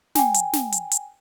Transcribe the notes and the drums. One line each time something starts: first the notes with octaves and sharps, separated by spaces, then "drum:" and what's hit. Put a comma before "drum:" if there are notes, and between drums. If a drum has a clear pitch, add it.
G5 G#5, drum: snare
drum: hi-hat
drum: snare
drum: hi-hat
drum: hi-hat